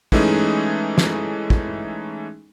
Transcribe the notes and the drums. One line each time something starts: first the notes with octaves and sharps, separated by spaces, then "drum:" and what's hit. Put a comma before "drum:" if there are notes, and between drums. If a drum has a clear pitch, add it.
E3 G#3 A3 C#4 D#4 G#4, drum: kick
drum: snare
drum: kick